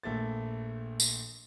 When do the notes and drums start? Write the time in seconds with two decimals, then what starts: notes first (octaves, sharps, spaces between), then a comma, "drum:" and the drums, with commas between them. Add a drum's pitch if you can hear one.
0.03 A#1 A3 A#3 A6
1.00 drum: tambourine